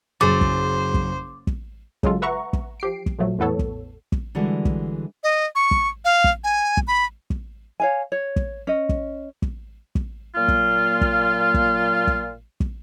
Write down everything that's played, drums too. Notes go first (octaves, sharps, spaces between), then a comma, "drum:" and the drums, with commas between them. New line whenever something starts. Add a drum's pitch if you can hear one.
F#1 F#3 G#4 C5 D6 A6
drum: kick
drum: kick
drum: kick
C#3 F#3 G#3 F4 A4, drum: kick
B4 E5 F#5 A#5 C#6
drum: kick
F3 G4 C7 D7
drum: kick
A#2 F3 F#3 A3
E2 A2 B3 A4 C#5
drum: kick
drum: kick
D3 E3 G3 G#3 F#4
drum: kick
D#5
C#6
drum: kick
F5
drum: kick
G#5
drum: kick
B5
drum: kick
C#5 F5 G#5
C#5
drum: kick
C#4 D#5
drum: kick
drum: kick
drum: kick
A#2 F#3 A#3 F4
drum: kick
drum: kick
drum: kick
drum: kick
drum: kick